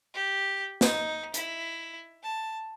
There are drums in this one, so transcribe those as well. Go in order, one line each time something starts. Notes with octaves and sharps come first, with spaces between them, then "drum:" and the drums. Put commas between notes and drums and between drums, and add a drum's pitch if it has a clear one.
G4
D#4, drum: snare
E4, drum: hi-hat
A5